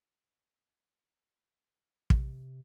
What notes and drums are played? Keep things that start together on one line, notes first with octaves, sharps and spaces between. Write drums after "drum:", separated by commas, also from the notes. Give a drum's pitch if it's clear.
C3, drum: kick